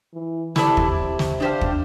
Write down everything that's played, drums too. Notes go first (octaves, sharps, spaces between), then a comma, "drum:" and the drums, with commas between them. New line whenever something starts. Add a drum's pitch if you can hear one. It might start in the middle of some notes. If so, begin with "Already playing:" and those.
E3
C3 E4 A4 D5, drum: snare
drum: kick
drum: snare
D4 G4 C5 F5
drum: kick